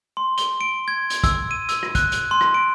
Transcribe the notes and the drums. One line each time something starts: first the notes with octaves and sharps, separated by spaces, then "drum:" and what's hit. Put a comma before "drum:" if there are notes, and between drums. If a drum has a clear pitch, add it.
C6
G7, drum: hi-hat
D7
G#6
drum: hi-hat
E6, drum: kick, hi-hat
D#7
E6, drum: hi-hat
drum: rim click
F#6, drum: kick, hi-hat
drum: hi-hat
C6
drum: rim click
D7